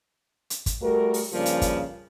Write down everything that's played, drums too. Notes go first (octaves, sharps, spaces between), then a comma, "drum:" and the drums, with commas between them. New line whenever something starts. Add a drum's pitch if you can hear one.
drum: hi-hat
drum: kick, hi-hat
G3 A3 F#4 A#4
drum: open hi-hat
G2 C#3 F3 G3 A#3 D5
drum: hi-hat
drum: kick, hi-hat